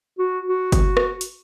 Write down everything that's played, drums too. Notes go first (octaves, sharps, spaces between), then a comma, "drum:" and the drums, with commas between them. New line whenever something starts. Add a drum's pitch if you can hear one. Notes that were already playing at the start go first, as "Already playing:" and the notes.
F#4
F#4
drum: kick F#1, hi-hat
drum: rim click
drum: hi-hat